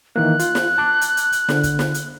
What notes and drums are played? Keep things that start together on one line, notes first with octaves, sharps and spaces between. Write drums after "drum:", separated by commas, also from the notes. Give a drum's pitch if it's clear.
D#3 E3 A#3 F#6
F4, drum: hi-hat
drum: snare
A5 D6
drum: hi-hat
drum: hi-hat
drum: hi-hat
D3, drum: snare
drum: kick, hi-hat
drum: snare
drum: hi-hat